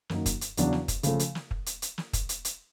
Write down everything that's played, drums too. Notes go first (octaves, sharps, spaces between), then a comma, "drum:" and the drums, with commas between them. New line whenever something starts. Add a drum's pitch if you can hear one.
F#2 D#3 F#3 A#3 D#4, drum: snare
drum: kick, hi-hat
drum: hi-hat
E2 C#3 F#3 B3 D4, drum: hi-hat
drum: snare
drum: kick, hi-hat
C#3 F3 A3, drum: hi-hat
drum: hi-hat
drum: snare
drum: kick
drum: hi-hat
drum: hi-hat
drum: snare
drum: kick, hi-hat
drum: hi-hat
drum: hi-hat